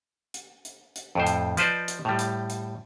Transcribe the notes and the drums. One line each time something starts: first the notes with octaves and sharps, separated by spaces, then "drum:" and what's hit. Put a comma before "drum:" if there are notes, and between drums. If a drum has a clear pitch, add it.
drum: hi-hat
drum: hi-hat
drum: hi-hat
F2 A2 C5
drum: hi-hat
F3 B4 C5 D5 D#5, drum: hi-hat
drum: hi-hat
A2 G3
drum: hi-hat
drum: hi-hat